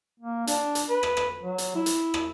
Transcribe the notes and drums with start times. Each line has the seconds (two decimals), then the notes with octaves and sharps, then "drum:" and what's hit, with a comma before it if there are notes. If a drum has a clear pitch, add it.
0.20 A#3
0.47 D4, drum: hi-hat
0.75 drum: hi-hat
0.89 B4
1.03 drum: rim click
1.17 drum: rim click
1.43 F#3
1.58 drum: hi-hat
1.75 E4
1.86 drum: hi-hat
2.14 drum: rim click